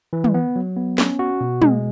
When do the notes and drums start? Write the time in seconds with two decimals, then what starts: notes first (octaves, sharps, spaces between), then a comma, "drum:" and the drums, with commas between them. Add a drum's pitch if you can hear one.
0.13 E3
0.24 drum: tom
0.34 B3
0.56 F#3
0.77 B3
0.98 C#4, drum: snare
1.19 F#4
1.41 B2
1.62 G#3, drum: tom